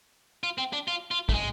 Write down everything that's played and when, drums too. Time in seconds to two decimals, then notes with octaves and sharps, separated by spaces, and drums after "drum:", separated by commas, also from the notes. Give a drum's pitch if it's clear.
0.43 F4
0.58 C4
0.73 D4
0.88 F4
1.11 F4
1.29 A3, drum: kick
1.34 G#3